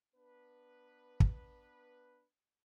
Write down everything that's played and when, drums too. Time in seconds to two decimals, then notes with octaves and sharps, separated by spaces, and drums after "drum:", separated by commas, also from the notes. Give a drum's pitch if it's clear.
0.14 B3 D4 B4
1.20 drum: kick